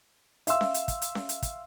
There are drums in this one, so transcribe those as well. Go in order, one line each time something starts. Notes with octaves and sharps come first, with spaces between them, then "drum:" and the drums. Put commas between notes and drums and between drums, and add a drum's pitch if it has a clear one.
E5 F5 C6 E6, drum: hi-hat
drum: snare C#4
drum: hi-hat
drum: kick, hi-hat
drum: hi-hat
drum: snare C#4
drum: hi-hat
drum: kick, hi-hat